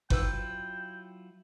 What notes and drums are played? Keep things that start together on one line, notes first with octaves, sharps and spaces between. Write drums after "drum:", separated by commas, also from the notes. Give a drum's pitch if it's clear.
G#2 F#3 E4 F4 B4 G5 E6, drum: kick G1